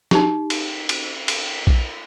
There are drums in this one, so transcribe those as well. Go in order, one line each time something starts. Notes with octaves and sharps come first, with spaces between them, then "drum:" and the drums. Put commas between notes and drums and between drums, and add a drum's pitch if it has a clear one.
D#4 G4, drum: snare
drum: cymbal
drum: cymbal
drum: cymbal
drum: kick A#1